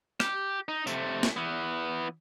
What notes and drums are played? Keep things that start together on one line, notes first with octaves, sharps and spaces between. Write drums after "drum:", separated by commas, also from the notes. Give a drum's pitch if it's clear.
G4, drum: rim click
D#4
C3 A3, drum: tambourine
drum: snare
E3 B3